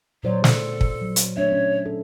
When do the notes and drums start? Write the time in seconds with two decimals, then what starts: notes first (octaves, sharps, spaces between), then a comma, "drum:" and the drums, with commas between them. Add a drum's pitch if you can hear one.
0.23 A#2 F#3 C5 D5
0.44 A4, drum: snare
0.81 drum: kick
1.02 F#3
1.16 drum: hi-hat
1.37 A3 D4 C#5 E5
1.52 C#4
1.86 A4